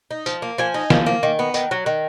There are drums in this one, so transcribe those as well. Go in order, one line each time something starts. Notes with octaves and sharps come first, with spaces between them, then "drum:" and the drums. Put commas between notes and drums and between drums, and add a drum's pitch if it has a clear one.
D#4
F3, drum: tambourine
A#3
F3 G#5
D#4
F3, drum: snare
A#3
D#3
B3
D#3, drum: tambourine
F#3
D#3